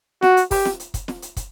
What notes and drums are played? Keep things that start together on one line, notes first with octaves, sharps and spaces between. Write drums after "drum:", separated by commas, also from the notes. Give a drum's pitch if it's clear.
F#4, drum: snare
drum: hi-hat
G4, drum: kick, open hi-hat
drum: snare
drum: hi-hat
drum: kick, hi-hat
drum: snare
drum: hi-hat
drum: kick, hi-hat